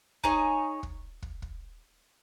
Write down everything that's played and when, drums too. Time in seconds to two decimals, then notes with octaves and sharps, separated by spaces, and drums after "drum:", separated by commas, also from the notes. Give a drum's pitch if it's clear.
0.24 D#4 G#4 C#5, drum: kick
0.83 drum: kick
1.22 drum: kick
1.42 drum: kick